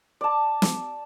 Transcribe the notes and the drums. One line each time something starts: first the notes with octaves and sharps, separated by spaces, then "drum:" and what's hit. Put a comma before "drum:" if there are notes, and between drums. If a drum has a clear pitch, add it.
D5 A5
E6, drum: snare